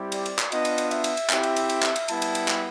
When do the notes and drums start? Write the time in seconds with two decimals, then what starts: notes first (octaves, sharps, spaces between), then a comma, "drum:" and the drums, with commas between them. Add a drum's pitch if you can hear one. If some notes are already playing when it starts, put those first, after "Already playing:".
Already playing: G3 C4 E4 G4
0.12 D5, drum: cymbal
0.26 drum: cymbal
0.39 drum: clap
0.52 B3 D4 F4 D#5, drum: cymbal
0.65 drum: cymbal
0.78 drum: cymbal
0.91 E5, drum: cymbal
1.04 drum: cymbal
1.17 drum: cymbal
1.30 C4 E4 G4, drum: clap
1.43 drum: cymbal
1.56 drum: cymbal
1.69 drum: cymbal
1.83 drum: clap
1.96 drum: cymbal
2.08 G3 B3 E4 A5, drum: cymbal
2.22 drum: cymbal
2.35 drum: cymbal
2.48 drum: clap